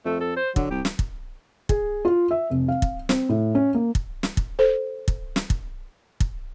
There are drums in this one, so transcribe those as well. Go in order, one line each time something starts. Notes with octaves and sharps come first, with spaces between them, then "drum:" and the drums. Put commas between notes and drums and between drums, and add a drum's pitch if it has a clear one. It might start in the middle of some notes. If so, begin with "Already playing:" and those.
F2 A3
A4
C5
D3 F#3, drum: kick
C2 G4
drum: snare
drum: kick
G#4, drum: kick
F4
E5
F1
F5
drum: kick
C4, drum: snare
A2
C#4
A#3
drum: kick
drum: snare
drum: kick
A4 C5
drum: kick
drum: snare
drum: kick
drum: kick